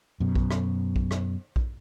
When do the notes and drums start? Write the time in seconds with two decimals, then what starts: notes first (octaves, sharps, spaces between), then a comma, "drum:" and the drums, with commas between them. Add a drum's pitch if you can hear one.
0.20 F#2 B2
0.35 drum: kick A#1
0.51 drum: rim click
0.96 drum: kick A#1
1.11 drum: rim click
1.56 drum: kick A#1